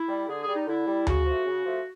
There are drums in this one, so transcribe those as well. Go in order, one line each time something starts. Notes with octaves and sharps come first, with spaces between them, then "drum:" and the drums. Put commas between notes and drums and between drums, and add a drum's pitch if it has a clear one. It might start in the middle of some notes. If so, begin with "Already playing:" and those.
Already playing: E4
G3
D3 G#4
G#4
G3
D#4
D3 E4
G3
C#3 F#4, drum: tom D2
F3 A3
C#3
F3 A3